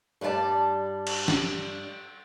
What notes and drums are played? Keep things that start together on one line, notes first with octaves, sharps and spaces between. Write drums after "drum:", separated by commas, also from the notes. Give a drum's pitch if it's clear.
G2 G3 B4 D5 A5
drum: cymbal
drum: snare